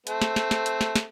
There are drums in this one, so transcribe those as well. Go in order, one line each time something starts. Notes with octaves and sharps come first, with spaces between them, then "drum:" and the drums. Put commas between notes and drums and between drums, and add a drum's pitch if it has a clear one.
A3 C4, drum: hi-hat
drum: snare
drum: snare
drum: snare
drum: hi-hat
drum: snare
drum: snare